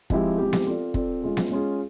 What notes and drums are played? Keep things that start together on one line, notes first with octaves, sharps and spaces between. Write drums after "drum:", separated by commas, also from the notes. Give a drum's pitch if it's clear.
F3 G#3 C4 E4 G4, drum: kick
F3 G#3 C4 E4 G4
drum: snare B3
C4 F4 A4 D5
C4 F4 A4 D5, drum: kick
G#3 C#4 F4 G#4
drum: snare B3
G#3 C#4 F4 G#4